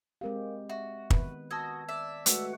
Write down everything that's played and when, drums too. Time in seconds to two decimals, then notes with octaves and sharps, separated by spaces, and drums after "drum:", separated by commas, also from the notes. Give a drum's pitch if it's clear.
0.21 G#3 C4 G4 A#4 F5
0.70 F#4 E5
1.11 D#3 B3 B4, drum: kick
1.51 F#4 D#5 A5 E6 G#6
1.89 D5 E5
2.26 G#3 A3 F#4 B4 F#5, drum: hi-hat